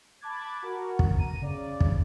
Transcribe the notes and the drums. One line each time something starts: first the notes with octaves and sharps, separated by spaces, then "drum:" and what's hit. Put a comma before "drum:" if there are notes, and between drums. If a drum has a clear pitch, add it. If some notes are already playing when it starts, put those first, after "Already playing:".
A5 B5 D6 F#6 G#6 A6
F#4 A#4 F#5
drum: kick
G1 A#5 D#7
C#3 D5
drum: kick